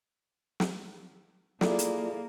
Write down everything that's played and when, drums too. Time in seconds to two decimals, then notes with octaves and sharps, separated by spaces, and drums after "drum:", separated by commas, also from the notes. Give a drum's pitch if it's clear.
0.60 drum: snare
1.61 A#3 E4 F4 G#4 A4 D5, drum: snare
1.79 drum: hi-hat